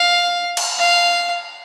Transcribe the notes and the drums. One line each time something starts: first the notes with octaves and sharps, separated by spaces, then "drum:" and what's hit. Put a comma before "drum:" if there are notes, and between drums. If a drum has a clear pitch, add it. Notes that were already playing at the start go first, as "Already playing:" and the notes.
Already playing: F5
drum: cymbal
F5